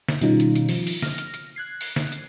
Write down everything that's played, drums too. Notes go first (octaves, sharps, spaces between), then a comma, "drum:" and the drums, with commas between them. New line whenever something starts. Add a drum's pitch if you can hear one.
drum: snare
B2 D#3 G3 C#4 D#4 F4, drum: hi-hat
drum: hi-hat
drum: hi-hat
F3, drum: open hi-hat
drum: open hi-hat
F6 A#6, drum: snare
drum: hi-hat
drum: hi-hat
F#6 G#6 C7
drum: open hi-hat
drum: snare
drum: hi-hat